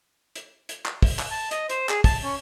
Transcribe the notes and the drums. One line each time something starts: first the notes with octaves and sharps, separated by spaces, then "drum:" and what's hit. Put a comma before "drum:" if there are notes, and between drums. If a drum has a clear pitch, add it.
drum: hi-hat
drum: hi-hat
drum: clap
drum: kick, open hi-hat
drum: clap
A5
D#5, drum: hi-hat
C5, drum: hi-hat
G#4, drum: clap
A5, drum: kick, open hi-hat
C#4